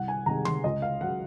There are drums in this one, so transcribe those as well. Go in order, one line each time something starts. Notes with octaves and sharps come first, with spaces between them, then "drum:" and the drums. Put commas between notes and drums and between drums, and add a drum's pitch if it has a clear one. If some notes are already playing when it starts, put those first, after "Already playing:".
Already playing: C2 F#5
G#5
C3 D#3 G#3 A#5
C6, drum: tom D3
C#2 D#5
F5
C#3 F#3 F#5